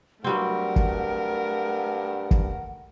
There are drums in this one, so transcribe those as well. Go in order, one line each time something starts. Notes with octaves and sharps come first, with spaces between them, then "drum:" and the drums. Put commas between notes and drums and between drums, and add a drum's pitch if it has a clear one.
G2 F#3 G3 A3 C4 A#4 F#5
drum: kick
drum: kick